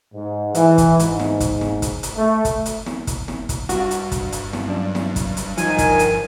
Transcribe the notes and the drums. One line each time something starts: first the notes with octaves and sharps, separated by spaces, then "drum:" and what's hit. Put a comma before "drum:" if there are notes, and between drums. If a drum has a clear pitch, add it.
G#2
E3, drum: hi-hat
drum: kick, hi-hat
G#2, drum: hi-hat
drum: snare
drum: kick, hi-hat
drum: snare
drum: kick, hi-hat
drum: hi-hat
A3
drum: kick, hi-hat
drum: hi-hat
drum: snare
drum: kick, hi-hat
drum: snare
drum: kick, hi-hat
G2 F#4, drum: hi-hat
drum: hi-hat
drum: kick, hi-hat
drum: hi-hat
drum: snare
F#2 D4
drum: snare
drum: kick, hi-hat
drum: hi-hat
D#3 F3 G#5, drum: hi-hat
drum: kick, hi-hat
drum: hi-hat